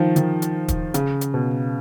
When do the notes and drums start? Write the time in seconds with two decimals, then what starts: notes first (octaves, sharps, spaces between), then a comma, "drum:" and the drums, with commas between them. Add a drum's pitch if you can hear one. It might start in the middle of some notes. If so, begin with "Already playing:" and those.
Already playing: D#3 F3
0.16 D#3, drum: hi-hat
0.42 drum: hi-hat
0.68 drum: kick, hi-hat
0.94 C#3, drum: hi-hat
1.21 drum: hi-hat
1.34 B2